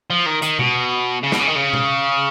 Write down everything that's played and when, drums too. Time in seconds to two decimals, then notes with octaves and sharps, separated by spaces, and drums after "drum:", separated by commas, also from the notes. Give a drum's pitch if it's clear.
0.10 F3
0.26 D#3
0.42 D#3, drum: hi-hat
0.59 B2, drum: tom B2
1.23 C#3
1.32 B2, drum: snare
1.40 C#3
1.47 D#3
1.55 C#3
1.74 drum: tom B2